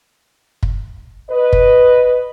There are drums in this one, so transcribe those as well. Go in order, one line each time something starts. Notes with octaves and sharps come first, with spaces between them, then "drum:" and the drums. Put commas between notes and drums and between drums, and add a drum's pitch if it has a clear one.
drum: kick
B4 D#5
drum: kick